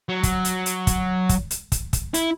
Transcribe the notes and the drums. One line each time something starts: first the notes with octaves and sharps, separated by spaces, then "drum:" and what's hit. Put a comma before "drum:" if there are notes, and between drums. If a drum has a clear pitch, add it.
F#3
drum: kick, hi-hat
drum: hi-hat
drum: hi-hat
drum: kick, hi-hat
drum: kick, hi-hat
drum: hi-hat
drum: kick, hi-hat
drum: kick, hi-hat
E4, drum: hi-hat